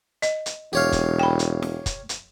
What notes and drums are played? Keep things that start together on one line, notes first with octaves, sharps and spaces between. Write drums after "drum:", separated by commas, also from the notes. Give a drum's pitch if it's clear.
D#5, drum: hi-hat
drum: hi-hat
E1 G4 C#5 F5
drum: kick, hi-hat
G5 B5
drum: hi-hat
drum: snare
drum: kick, hi-hat
drum: hi-hat